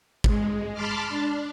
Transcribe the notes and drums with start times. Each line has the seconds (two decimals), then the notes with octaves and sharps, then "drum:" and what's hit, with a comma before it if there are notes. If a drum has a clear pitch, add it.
0.24 G#3, drum: kick
0.73 A5 B5 C6 D6 F6
1.09 D4